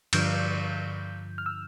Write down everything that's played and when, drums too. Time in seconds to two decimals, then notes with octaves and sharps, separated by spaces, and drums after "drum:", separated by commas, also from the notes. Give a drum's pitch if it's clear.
0.13 G2 D3 F3 G6, drum: cymbal
1.38 F6
1.46 E6